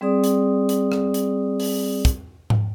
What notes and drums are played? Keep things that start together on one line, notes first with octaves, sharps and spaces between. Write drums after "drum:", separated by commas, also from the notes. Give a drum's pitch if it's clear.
G3 C4 G#4 D5 D#6
drum: hi-hat
drum: hi-hat
drum: rim click
drum: hi-hat
drum: open hi-hat
drum: kick, hi-hat
drum: tom G#2